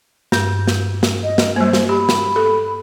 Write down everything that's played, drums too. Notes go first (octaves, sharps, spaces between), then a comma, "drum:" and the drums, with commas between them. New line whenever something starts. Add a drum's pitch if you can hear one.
G2 G6, drum: snare
drum: snare
drum: snare
D#5
drum: snare
G3 A#3 C5
drum: snare
G4 B5
drum: snare
A4